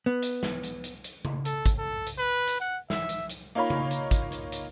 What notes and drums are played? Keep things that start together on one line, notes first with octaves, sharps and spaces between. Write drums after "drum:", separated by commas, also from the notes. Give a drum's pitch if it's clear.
B3
drum: hi-hat
drum: snare
drum: hi-hat
drum: hi-hat
drum: hi-hat
drum: tom C#3
A4, drum: hi-hat
drum: kick, hi-hat
A4
drum: hi-hat
B4
drum: hi-hat
F#5
E5, drum: snare
drum: hi-hat
drum: hi-hat
A#3 D#4 F4 C#5 B5
drum: tom C#3
drum: hi-hat
drum: kick, hi-hat
drum: hi-hat
drum: hi-hat